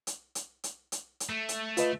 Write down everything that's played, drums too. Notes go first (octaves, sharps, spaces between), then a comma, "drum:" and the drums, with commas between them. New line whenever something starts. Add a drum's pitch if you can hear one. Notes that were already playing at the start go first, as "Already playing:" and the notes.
drum: hi-hat
drum: hi-hat
drum: hi-hat
drum: hi-hat
drum: hi-hat
A3
drum: hi-hat
F4 B4 D#5, drum: hi-hat